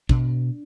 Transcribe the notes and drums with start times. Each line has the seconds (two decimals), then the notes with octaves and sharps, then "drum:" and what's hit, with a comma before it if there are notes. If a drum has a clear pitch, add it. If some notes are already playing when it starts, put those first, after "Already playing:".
0.09 B2 D4, drum: kick